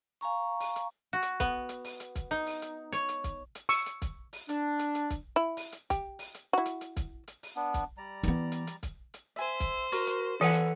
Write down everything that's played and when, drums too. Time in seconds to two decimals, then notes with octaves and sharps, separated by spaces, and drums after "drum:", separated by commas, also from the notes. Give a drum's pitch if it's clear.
0.21 F5 G#5 A#5 C#6
0.60 drum: open hi-hat
0.76 drum: hi-hat
1.13 F#4
1.22 drum: hi-hat
1.40 B3, drum: kick, hi-hat
1.69 drum: hi-hat
1.84 drum: open hi-hat
2.00 drum: hi-hat
2.15 drum: kick, hi-hat
2.31 D#4
2.46 drum: open hi-hat
2.62 drum: hi-hat
2.93 C#5, drum: hi-hat
3.09 drum: hi-hat
3.24 drum: kick, hi-hat
3.55 drum: hi-hat
3.69 C#6 E6, drum: open hi-hat
3.86 drum: hi-hat
4.02 drum: kick, hi-hat
4.33 drum: open hi-hat
4.49 D4, drum: hi-hat
4.79 drum: hi-hat
4.95 drum: hi-hat
5.10 drum: kick, hi-hat
5.36 E4
5.57 drum: open hi-hat
5.72 drum: hi-hat
5.90 G4, drum: kick, hi-hat
6.19 drum: open hi-hat
6.34 drum: hi-hat
6.53 E4 F#4
6.65 drum: hi-hat
6.81 drum: hi-hat
6.96 drum: kick, hi-hat
7.28 drum: hi-hat
7.43 drum: open hi-hat
7.56 B3 D4
7.74 drum: kick, hi-hat
7.98 G3 D5 A#5
8.23 E3 B3, drum: hi-hat
8.52 drum: hi-hat
8.67 drum: hi-hat
8.83 drum: kick, hi-hat
9.14 drum: hi-hat
9.36 C5 E5 G#5
9.60 drum: kick, hi-hat
9.92 F#4 A#4, drum: open hi-hat
10.07 drum: hi-hat
10.41 E3 A4 B4 E5 F#5 G#5
10.53 drum: hi-hat